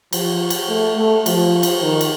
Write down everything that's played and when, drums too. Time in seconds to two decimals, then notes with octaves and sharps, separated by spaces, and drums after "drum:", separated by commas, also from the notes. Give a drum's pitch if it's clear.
0.13 F3, drum: cymbal
0.50 drum: cymbal
0.69 A3
0.97 A3
1.26 F3, drum: cymbal
1.63 drum: cymbal
1.82 D#3
2.01 drum: cymbal